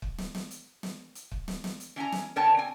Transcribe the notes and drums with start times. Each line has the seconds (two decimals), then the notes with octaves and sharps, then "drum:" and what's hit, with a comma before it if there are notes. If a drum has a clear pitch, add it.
0.02 drum: kick
0.18 drum: snare
0.35 drum: snare
0.51 drum: hi-hat
0.83 drum: snare
1.15 drum: hi-hat
1.32 drum: kick
1.48 drum: snare
1.64 drum: snare
1.80 drum: hi-hat
1.96 E3 C#4 G#5 A#5
2.12 drum: snare
2.36 D3 B3 A#4 C#5 G5 A5
2.57 C4 G#5